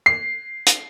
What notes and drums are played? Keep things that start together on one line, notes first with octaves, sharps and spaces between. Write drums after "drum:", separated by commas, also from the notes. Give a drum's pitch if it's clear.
C7
drum: hi-hat